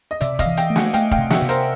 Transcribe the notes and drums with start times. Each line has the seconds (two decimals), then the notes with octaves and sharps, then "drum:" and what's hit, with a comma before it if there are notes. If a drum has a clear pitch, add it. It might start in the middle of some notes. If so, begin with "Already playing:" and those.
0.11 D#5
0.21 C3 D5 E5, drum: hi-hat
0.39 D#5 F5, drum: kick, hi-hat
0.46 E3
0.57 F5 G5, drum: hi-hat
0.70 A3
0.76 F#5 G#5, drum: snare
0.94 A3 F5 G5, drum: hi-hat
1.11 F5 G5, drum: kick
1.18 C3
1.30 E5 F#5, drum: snare
1.42 C3
1.49 A#4 C5, drum: hi-hat